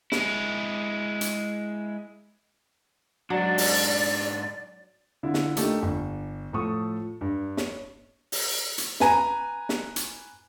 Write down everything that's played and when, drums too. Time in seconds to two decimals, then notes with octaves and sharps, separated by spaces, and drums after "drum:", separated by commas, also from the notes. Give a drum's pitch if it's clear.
0.12 G#3 E4, drum: snare
1.21 drum: hi-hat
3.30 G#2 F#3 D4 D5
3.58 drum: open hi-hat
5.23 D3 E4 F4
5.34 drum: snare
5.57 A3 A#3 D4 D#4 G4 A4, drum: hi-hat
5.82 G1
6.53 A2 F3 A4 C#6 D#6
7.21 G2
7.57 C#5, drum: snare
8.32 drum: open hi-hat
8.78 drum: hi-hat
9.00 B4 G#5 A#5, drum: snare
9.69 drum: snare
9.96 drum: hi-hat